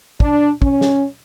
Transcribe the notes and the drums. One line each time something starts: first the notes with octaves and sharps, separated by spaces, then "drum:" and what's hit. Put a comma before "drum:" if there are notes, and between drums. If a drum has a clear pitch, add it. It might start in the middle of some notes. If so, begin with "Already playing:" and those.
D4, drum: kick
C#4, drum: kick
drum: snare